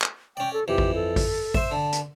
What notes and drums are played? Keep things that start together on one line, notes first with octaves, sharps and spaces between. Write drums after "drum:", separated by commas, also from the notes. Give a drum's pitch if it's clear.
drum: clap
C#4 D5 G5
A4
F2 E3 G4
drum: kick A1
A4
drum: kick A1, open hi-hat
C5 E5, drum: kick A1
D3 A5
drum: hi-hat